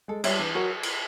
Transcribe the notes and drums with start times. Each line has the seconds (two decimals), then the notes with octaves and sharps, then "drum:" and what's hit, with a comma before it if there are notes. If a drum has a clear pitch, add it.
0.08 G#3 A4
0.24 G3 C#5 E5, drum: cymbal
0.39 E3 D4
0.55 F#3 F#4 A#4 C#5
0.83 drum: cymbal